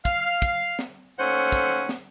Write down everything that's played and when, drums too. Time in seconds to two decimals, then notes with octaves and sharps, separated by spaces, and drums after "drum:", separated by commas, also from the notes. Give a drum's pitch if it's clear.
0.05 F5, drum: kick, hi-hat
0.42 drum: kick, hi-hat
0.79 drum: snare
1.19 D#2 A3 C#4 C5 F#5
1.52 drum: kick, hi-hat
1.89 drum: snare